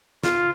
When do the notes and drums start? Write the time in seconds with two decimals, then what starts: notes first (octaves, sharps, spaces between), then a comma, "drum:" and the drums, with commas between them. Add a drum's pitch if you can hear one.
0.23 F4, drum: snare